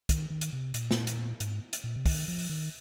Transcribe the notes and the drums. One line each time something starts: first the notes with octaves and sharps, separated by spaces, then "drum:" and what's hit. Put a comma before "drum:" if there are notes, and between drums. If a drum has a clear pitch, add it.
D#3, drum: kick, hi-hat
D#3
drum: hi-hat
C3
A#2, drum: hi-hat
drum: snare
drum: hi-hat
G#2, drum: hi-hat
drum: hi-hat
A#2
C3
D#3, drum: kick, open hi-hat
F3
drum: open hi-hat
D#3